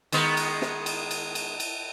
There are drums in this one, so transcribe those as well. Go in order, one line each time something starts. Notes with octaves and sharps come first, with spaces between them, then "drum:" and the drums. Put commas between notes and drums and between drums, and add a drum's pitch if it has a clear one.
D#3 G#3 B3, drum: cymbal
drum: cymbal
drum: snare
drum: cymbal
drum: cymbal
drum: cymbal
drum: cymbal